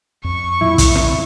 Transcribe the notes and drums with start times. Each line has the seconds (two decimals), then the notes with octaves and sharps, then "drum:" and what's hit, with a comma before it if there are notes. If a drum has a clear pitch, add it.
0.24 F2 C#6
0.61 A#2 F#3 E4
0.78 drum: kick, hi-hat
0.95 drum: snare